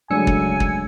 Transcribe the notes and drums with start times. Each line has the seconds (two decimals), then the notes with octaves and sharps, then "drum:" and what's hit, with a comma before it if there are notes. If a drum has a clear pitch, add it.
0.11 C#3 F#3 G#3 A3 D4 G#5 E6 C#7
0.27 drum: kick
0.60 drum: kick